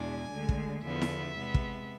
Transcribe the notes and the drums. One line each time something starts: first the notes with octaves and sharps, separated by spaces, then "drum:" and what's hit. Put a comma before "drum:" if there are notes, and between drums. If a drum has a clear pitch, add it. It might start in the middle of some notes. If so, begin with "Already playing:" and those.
Already playing: E2 B2 G#3 D4 G#5
D2 D3 G#3
drum: kick
E2 D3 F3 B3 E5
drum: snare E4
C3 G#3 B3
drum: kick